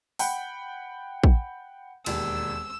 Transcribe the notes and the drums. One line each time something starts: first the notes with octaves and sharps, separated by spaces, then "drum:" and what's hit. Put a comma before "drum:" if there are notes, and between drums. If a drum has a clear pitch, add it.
F#5 G5 B5, drum: open hi-hat
drum: kick
E1 D#2 E6, drum: cymbal